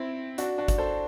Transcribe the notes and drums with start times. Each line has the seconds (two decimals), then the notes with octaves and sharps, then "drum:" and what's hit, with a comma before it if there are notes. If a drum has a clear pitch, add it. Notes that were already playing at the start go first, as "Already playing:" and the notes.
Already playing: C4 E4
0.38 D4 F#4, drum: hi-hat
0.58 D4 F#4
0.68 drum: kick G1, hi-hat
0.78 A4 C5